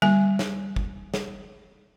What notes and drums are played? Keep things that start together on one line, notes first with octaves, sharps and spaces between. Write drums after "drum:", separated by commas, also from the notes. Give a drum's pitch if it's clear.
G3 G#5, drum: tom D3
drum: snare
drum: kick
drum: snare